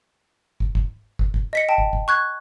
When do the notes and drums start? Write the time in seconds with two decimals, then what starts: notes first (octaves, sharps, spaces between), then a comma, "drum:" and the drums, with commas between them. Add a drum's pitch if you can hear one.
0.60 drum: kick
0.75 drum: kick
1.19 drum: kick
1.34 drum: kick
1.53 D#5 B6 C#7
1.69 G5 A5
1.78 drum: kick
1.93 drum: kick
2.08 C#6 F#6 G#6